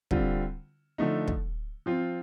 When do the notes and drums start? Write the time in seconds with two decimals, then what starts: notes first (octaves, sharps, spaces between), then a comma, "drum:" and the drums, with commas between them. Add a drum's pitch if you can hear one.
0.11 D3 G3 C4 F4, drum: kick
0.98 D3 F3 A3 D#4
1.28 drum: kick
1.86 F3 C4 F4